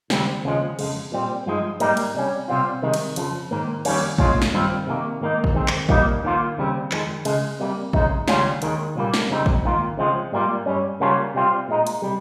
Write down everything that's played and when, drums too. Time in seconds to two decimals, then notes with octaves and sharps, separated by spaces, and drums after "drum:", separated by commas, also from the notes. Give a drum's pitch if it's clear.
0.10 D#2 C#3 G3 C4, drum: snare
0.44 D#2 C#3 F3 G#3
0.79 F2 C#3 G#3, drum: cymbal
1.12 A#2 G3 C4
1.46 G2 F3 G#3 D#4
1.80 G#2 G3 A#3 D#4, drum: hi-hat
1.97 drum: cymbal
2.14 C3 G3 C#4
2.48 C2 C3 G3 C4 F4
2.82 C2 C3 D#3 G#3
2.94 drum: cymbal
3.16 F2 C#3 F3, drum: hi-hat
3.51 G#2 D#3 A#3
3.85 F2 D#3 G3 A#3 C#4, drum: cymbal
4.18 C2 A#2 G#3 C#4 F4, drum: kick A1
4.42 drum: snare
4.53 G2 D#3 G3 C4 F4
4.87 C3 D#3 G3 A#3
5.21 G#2 D#3 A#3 D#4
5.44 drum: kick A1
5.55 D#2 D#3 G#3 C4
5.68 drum: clap
5.89 A#2 G3 A#3 D#4, drum: kick A1
6.23 D#2 D#3 A#3 F4
6.57 D#2 C#3 G3 C4
6.91 F2 D#3 G#3, drum: clap
7.25 C#2 C#3 G#3, drum: cymbal
7.60 C2 C3 G3 A#3
7.93 C#2 C#3 G#3 D#4, drum: kick A1
8.28 D#2 C#3 G3 C#4 F4, drum: snare
8.62 D#2 D#3 G#3, drum: hi-hat
8.95 C2 A#2 G3 A#3
9.14 drum: snare
9.30 F2 C#3 G3 C4 D#4
9.46 drum: kick A1
9.64 G#2 D#3 A#3 F4
9.97 C#3 F3 G#3 C4 F4
10.32 G#2 G3 A#3 F4
10.66 G2 G3 C#4
11.00 C#3 G3 A#3 C#4 F4
11.34 C3 G3 C4 F4
11.68 A#2 G#3 D#4
11.87 drum: hi-hat
12.02 C3 G3